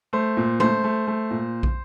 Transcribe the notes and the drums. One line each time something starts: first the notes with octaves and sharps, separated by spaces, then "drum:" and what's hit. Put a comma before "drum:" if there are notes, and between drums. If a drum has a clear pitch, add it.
A3 C5
A#2
A3 C5, drum: tom G#3
A3
A3
A#2
drum: kick